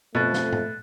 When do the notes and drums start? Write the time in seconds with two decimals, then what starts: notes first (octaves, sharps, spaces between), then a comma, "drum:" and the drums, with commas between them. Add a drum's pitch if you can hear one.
0.15 F2 B2 A3 F#6 A6
0.34 drum: snare
0.53 drum: tom G#2